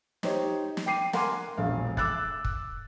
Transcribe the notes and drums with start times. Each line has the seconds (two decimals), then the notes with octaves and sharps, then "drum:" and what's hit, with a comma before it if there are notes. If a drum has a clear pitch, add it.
0.23 D#4 G4 C5 C#5, drum: snare
0.77 drum: snare
0.86 G5 D6 C7 D#7
1.13 A#4 F#5 G#5 C6 D6, drum: snare
1.58 E1 A#1 F5
1.97 D6 E6 F#6 A6, drum: kick
2.45 drum: kick